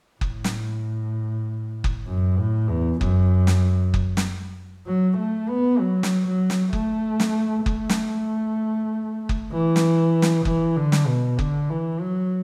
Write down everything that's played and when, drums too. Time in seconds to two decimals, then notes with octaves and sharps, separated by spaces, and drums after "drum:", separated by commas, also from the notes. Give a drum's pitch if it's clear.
0.21 A2, drum: kick F#1
0.44 drum: snare
1.84 drum: kick F#1
2.07 F#2
2.39 A2
2.69 E2
3.01 F#2, drum: kick F#1
3.47 drum: snare
3.94 drum: kick F#1
4.17 drum: snare
4.87 F#3
5.18 A3
5.49 B3
5.79 F#3
6.03 drum: snare
6.27 F#3
6.50 drum: snare
6.73 A3, drum: kick F#1
7.20 drum: snare
7.66 A3, drum: kick F#1
7.89 drum: snare
9.29 drum: kick F#1
9.53 E3
9.76 drum: snare
10.22 drum: snare
10.45 E3, drum: kick F#1
10.76 D3
10.92 drum: snare
11.07 B2
11.39 D3, drum: kick F#1
11.70 E3
12.01 F#3